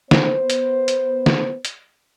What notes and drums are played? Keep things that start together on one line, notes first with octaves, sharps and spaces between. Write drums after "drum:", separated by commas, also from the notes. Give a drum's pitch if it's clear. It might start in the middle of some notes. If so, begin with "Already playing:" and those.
B3 C5, drum: snare
drum: hi-hat
drum: hi-hat
drum: snare
drum: hi-hat